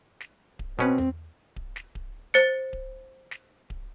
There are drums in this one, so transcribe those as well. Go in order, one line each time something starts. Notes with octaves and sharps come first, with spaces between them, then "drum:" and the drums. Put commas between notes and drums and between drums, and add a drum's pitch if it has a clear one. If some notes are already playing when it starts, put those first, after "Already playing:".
drum: snare
drum: kick D1
B2 C4 C#4 B4
drum: tom E2
drum: kick D1
drum: snare
drum: kick D1
C5 A6 C#7, drum: snare
drum: kick D1
drum: snare
drum: kick D1